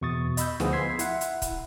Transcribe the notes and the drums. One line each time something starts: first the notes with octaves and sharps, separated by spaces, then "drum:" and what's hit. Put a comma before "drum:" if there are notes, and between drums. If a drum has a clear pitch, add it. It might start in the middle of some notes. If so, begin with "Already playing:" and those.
E2 B2 C#6 D#6 A6
D#5 B5 E6 G6, drum: hi-hat
D2 F3 B3 F4 G#4, drum: snare
C6 E6 G#6 B6 C7
E4 E5 F#5, drum: hi-hat
drum: hi-hat
drum: kick, hi-hat